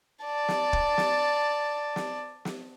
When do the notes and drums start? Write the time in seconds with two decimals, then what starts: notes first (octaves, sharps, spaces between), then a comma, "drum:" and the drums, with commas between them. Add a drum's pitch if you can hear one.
0.24 D5 A5
0.48 drum: snare
0.73 drum: kick
0.98 drum: snare
1.96 drum: snare
2.45 drum: snare